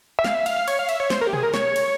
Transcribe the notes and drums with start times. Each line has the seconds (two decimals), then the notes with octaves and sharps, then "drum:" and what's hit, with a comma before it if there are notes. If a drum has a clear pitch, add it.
0.19 E5
0.24 F5, drum: snare
0.35 E5
0.46 F5, drum: cymbal
0.56 F5
0.68 C#5, drum: cymbal
0.79 F5
0.89 E5, drum: cymbal
1.00 C#5
1.10 C5, drum: snare
1.21 A#4
1.27 G4
1.33 G#4, drum: tom B2
1.43 A#4
1.54 C#5, drum: snare
1.76 drum: cymbal